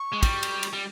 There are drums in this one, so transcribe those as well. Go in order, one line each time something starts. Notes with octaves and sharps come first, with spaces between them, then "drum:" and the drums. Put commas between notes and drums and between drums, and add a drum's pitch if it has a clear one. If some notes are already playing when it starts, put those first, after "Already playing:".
Already playing: C#6
G#3
G3, drum: kick, cymbal
drum: cymbal
drum: cymbal
G3